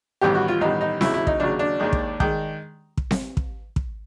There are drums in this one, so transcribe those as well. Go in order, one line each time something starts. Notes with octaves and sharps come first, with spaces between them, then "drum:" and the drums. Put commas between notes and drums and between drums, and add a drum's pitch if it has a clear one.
A1 G2 D#3 G3 B3 G4
F#4
F4
A1 G2 D#3 G3 B3 D#4
D#4
D#2 C#3 F#3 E4, drum: snare C4
E4
D#4, drum: kick
D#2 C#3 F#3 D4
D4
D#2 D#3 G#3
drum: kick
D#3 G#3, drum: kick
drum: kick
drum: snare C4
drum: kick
drum: kick